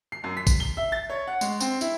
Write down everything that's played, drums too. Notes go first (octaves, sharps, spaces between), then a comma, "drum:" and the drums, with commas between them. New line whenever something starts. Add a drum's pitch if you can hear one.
C7
F#2
B6
drum: kick A1, tambourine
G7
E5
A6
C#5
F#5
G#3, drum: tambourine
C4, drum: tambourine
E4, drum: tambourine